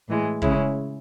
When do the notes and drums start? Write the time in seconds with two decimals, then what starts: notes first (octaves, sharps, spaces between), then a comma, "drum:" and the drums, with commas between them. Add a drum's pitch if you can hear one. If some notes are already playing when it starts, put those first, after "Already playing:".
0.08 A2 E3 G#3
0.42 C#3 G#3 C#4 E4, drum: kick